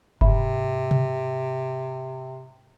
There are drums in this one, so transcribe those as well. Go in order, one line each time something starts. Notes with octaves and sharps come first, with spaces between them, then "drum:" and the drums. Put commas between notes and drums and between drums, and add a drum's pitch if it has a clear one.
G#2 C3 E5 B5, drum: kick F#1
drum: tom B2